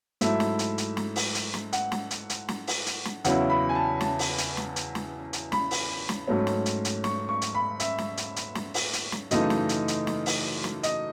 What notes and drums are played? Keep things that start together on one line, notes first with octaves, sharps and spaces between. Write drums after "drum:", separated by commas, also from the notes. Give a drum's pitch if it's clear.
G#2 F#3 A3 E4 E5, drum: hi-hat
drum: snare
drum: hi-hat
drum: hi-hat
drum: snare
drum: open hi-hat
drum: hi-hat
drum: snare
F#5, drum: hi-hat
drum: snare
drum: hi-hat
drum: hi-hat
drum: snare
drum: open hi-hat
drum: hi-hat
drum: snare
E2 C#3 F#3 C#4 E4 F#5, drum: hi-hat
B5
G#5
A5
A5, drum: snare
drum: open hi-hat
drum: hi-hat
drum: snare
drum: hi-hat
drum: snare
drum: hi-hat
B5, drum: snare
drum: open hi-hat
drum: snare
G#2 F#3 A3 C#4
drum: snare
drum: hi-hat
drum: hi-hat
C#6, drum: snare
C#6
drum: hi-hat
B5
E5, drum: hi-hat
drum: snare
drum: hi-hat
drum: hi-hat
drum: snare
drum: open hi-hat
drum: hi-hat
drum: snare
F#2 C#3 E3 A3 D#4 D#5, drum: hi-hat
drum: snare
drum: hi-hat
drum: hi-hat
drum: snare
drum: open hi-hat
drum: snare
D#5, drum: hi-hat